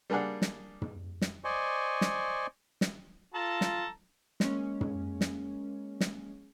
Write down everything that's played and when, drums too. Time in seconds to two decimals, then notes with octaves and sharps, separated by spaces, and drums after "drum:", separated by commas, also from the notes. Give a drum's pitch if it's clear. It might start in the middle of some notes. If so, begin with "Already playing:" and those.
0.10 G3 A#3 D4 G#4 D5 F#5
0.42 drum: snare
0.82 drum: tom
1.21 drum: snare
1.44 C5 D5 D#5 G#5 C#6
2.01 drum: snare
2.81 drum: snare
3.34 F4 A4 A5 A#5
3.61 drum: snare
4.40 G#3 A#3 C#4, drum: snare
4.81 drum: tom
5.21 drum: snare
6.01 drum: snare